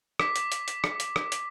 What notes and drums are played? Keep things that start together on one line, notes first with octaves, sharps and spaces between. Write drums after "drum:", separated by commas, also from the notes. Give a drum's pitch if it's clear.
D6 B6, drum: rim click
drum: hi-hat
drum: hi-hat
drum: hi-hat
drum: rim click
drum: hi-hat
drum: rim click
drum: hi-hat